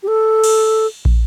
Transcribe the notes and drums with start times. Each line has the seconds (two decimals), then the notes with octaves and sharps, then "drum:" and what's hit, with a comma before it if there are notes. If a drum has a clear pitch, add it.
0.03 G4
0.08 A4
0.44 drum: cymbal
1.05 drum: kick